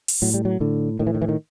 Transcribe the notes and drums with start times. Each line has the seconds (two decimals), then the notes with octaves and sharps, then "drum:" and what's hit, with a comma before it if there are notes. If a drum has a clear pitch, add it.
0.08 drum: open hi-hat
0.22 A2 F#3
0.34 G3
0.45 F#3
0.60 A2 D3
0.99 A2 D#3
1.07 E3
1.14 D#3
1.22 E3
1.29 D#3